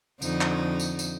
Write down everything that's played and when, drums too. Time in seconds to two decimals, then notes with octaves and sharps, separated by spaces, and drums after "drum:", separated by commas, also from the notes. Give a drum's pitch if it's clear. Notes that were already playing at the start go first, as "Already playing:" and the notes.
0.22 F2 D3 D#4, drum: tambourine
0.41 drum: clap
0.80 drum: tambourine
0.99 drum: tambourine